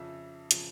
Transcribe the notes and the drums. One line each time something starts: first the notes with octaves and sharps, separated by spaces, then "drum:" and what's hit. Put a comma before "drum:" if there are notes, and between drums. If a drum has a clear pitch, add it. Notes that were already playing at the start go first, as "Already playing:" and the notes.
Already playing: F2 C#3 F3 E5 E6
C#3 F3, drum: hi-hat